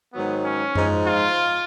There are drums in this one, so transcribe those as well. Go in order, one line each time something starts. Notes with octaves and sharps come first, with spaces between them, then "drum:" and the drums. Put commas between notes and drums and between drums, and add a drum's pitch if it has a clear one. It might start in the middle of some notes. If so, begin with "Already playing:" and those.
G#2 D#3 F#3 B3
C#4
G#2 F3 G#3, drum: tom F#2
F4